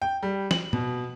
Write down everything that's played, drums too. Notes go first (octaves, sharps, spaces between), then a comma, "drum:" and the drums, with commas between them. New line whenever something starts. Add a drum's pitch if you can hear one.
G5
G3
F#7, drum: snare
B2, drum: tom